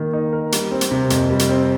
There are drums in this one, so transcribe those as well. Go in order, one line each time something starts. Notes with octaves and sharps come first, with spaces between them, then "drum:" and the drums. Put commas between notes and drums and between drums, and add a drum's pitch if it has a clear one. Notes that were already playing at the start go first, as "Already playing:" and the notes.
Already playing: D#3 A#3 D#4
D#4
A#4
G3, drum: hi-hat
C4
drum: hi-hat
C3
F2, drum: hi-hat
G3
drum: hi-hat
C4